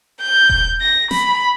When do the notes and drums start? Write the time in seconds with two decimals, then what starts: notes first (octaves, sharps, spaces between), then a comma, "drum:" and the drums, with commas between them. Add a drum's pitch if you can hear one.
0.21 G6
0.50 drum: kick E1
0.82 A#6
1.11 B5, drum: snare